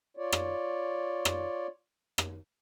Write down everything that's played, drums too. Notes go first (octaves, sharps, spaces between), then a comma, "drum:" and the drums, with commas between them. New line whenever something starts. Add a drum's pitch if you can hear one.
F4 C#5 D5
drum: rim click
drum: rim click
drum: rim click